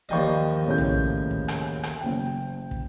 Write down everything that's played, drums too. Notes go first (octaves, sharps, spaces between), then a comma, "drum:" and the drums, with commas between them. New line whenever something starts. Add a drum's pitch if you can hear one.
D#2 F3 D5 D#5 G5 C#6
A2 C#3 G6
drum: tom A#1
drum: kick
drum: rim click
drum: rim click
F#1 G5
drum: kick